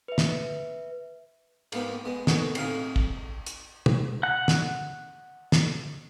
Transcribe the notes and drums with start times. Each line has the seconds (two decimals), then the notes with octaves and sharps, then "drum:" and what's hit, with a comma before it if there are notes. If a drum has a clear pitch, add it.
0.08 B4 E5
0.18 drum: snare
1.72 G#2 A#3 B3 D#4 G4, drum: cymbal
2.06 G#3 B3
2.27 D3 D#3 B3 D#4 F#4 G#4, drum: snare
2.55 A2 C3 D#4 G#4 F5 D#6, drum: cymbal
2.96 drum: kick
3.46 drum: hi-hat
3.86 drum: tom
4.23 F#5 F#6
4.48 drum: snare
5.52 drum: snare